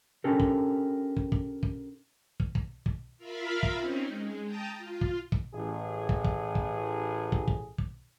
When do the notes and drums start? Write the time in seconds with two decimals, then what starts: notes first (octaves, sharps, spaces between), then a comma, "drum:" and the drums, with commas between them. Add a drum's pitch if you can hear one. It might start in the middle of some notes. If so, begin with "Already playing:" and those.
0.24 C#4 D4 G4 A4 A#4
0.40 drum: kick
1.17 drum: kick
1.32 drum: kick
1.63 drum: kick
2.40 drum: kick
2.55 drum: kick
2.86 drum: kick
3.18 F4 A#4 E5 F5 B5
3.63 drum: kick
3.73 C4 C#4 D#4
4.06 G#3
4.45 G5 A5 A#5 D#6
4.78 F4
5.01 drum: kick
5.32 drum: kick
5.53 A1 G#4
6.09 drum: kick
6.25 drum: kick
6.55 drum: kick
7.32 drum: kick
7.48 drum: kick
7.78 drum: kick